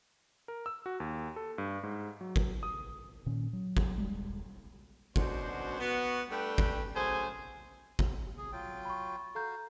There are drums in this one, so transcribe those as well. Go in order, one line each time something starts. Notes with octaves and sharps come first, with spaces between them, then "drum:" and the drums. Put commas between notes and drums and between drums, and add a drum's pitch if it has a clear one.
A#4
E6
F#4
D#2
A4
G2
G#2
F#3
drum: kick G1
D#6
A#2 D#3 C#4
F#3
drum: kick G1
D#1 G3 G#3
F#2 B2 D4 F#4 C5, drum: kick G1
B3 F#4
G3 A3 D4 B4 G5 B5
drum: kick G1
F#2 A3 G#4 C5 G#5
drum: kick G1
G#4
F#3 F4 G5
B5 C#6
F#4 A4 F5 A#5 G6